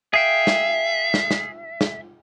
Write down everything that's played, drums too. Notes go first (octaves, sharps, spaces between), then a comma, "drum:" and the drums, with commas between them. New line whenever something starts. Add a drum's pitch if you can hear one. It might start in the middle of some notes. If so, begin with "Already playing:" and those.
G#4 E5 F5 G5
drum: snare
drum: snare
drum: snare
drum: snare